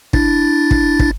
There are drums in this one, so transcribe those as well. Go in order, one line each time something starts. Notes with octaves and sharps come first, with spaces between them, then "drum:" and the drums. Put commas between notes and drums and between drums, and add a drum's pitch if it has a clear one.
D4 E4 A6, drum: kick
drum: kick
drum: kick